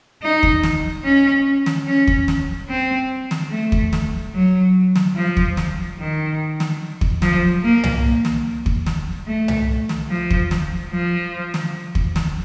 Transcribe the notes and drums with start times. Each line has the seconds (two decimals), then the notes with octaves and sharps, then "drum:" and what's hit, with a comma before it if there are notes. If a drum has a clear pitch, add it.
0.22 D#4
0.43 drum: kick
0.63 drum: snare
1.04 C#4
1.66 drum: snare
1.86 C#4
2.07 drum: kick
2.28 drum: snare
2.69 C4
3.31 drum: snare
3.51 A3
3.72 drum: kick
3.93 drum: snare
4.34 F#3
4.95 drum: snare
5.16 F3
5.37 drum: kick
5.57 drum: snare
5.99 D#3
6.60 drum: snare
7.01 drum: kick
7.22 F3, drum: snare
7.63 A#3
7.84 drum: tom C2
8.25 drum: snare
8.66 drum: kick
8.86 drum: snare
9.27 A3
9.48 drum: tom C2
9.89 drum: snare
10.09 F3
10.30 drum: kick
10.51 drum: snare
10.92 F3
11.54 drum: snare
11.95 drum: kick
12.16 drum: snare